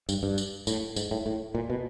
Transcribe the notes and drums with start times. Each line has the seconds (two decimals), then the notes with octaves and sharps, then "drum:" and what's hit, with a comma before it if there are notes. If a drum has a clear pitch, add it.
0.09 G2, drum: tambourine
0.23 G2
0.38 drum: tambourine
0.67 A2, drum: tambourine
0.96 G#2, drum: tambourine
1.11 A2
1.26 A2
1.55 A#2
1.70 B2